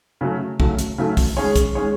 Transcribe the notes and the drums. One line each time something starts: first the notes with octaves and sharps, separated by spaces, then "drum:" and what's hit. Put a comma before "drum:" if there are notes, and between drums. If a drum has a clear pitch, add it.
C#3 F#3 A3
C#3 F#3 A3, drum: kick
drum: hi-hat
C#3 F#3 A3
drum: kick, open hi-hat
G#3 C#4 G#4 C#5
drum: kick, hi-hat
G#3 C#4 G#4 C#5